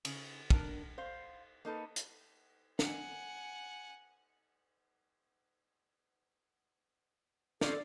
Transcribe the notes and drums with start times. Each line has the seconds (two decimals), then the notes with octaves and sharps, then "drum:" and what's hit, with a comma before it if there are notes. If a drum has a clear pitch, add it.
0.05 C#3, drum: cymbal
0.50 D4 A#4, drum: kick
0.98 C5 F5
1.65 A#3 D#4 A4 B4
1.96 drum: hi-hat
2.79 F#5 G#5, drum: snare
7.61 C4 C#4 F4 A4 D5, drum: snare